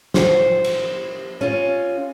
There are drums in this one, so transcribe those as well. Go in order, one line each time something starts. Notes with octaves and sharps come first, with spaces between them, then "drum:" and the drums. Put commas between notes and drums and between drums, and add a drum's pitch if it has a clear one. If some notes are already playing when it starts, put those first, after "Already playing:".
C5, drum: snare
drum: cymbal
C#4 F4